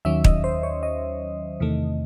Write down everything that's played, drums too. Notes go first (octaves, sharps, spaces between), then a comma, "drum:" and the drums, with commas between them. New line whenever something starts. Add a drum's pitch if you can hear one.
D#2 D#3 F#3 C#4 E5
D#5, drum: kick
C5
C#5
D#5
E2 C3 D#3 A3